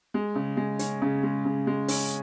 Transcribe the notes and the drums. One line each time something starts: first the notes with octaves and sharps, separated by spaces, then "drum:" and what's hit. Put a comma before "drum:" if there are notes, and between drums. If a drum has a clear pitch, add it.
G#3
C#3
G#3
C#4, drum: hi-hat
C#3
G#3
C#3
G#3
C#4, drum: open hi-hat